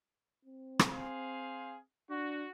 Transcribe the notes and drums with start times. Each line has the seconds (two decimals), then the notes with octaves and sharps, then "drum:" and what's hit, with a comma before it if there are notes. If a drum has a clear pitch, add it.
0.45 C4
0.79 drum: rim click
0.90 G#4 C5 F5
2.10 D4 F#4